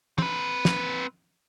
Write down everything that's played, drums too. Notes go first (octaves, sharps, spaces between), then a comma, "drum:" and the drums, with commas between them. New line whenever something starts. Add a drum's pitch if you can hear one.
C4 B4, drum: tom
drum: snare